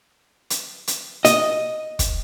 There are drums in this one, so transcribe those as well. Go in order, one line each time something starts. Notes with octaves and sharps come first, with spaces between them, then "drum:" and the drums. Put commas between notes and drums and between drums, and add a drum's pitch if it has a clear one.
drum: hi-hat
drum: hi-hat
D#5, drum: hi-hat
drum: kick, hi-hat